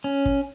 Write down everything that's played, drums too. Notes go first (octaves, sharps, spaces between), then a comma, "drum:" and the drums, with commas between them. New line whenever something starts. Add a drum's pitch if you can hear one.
C#4
drum: kick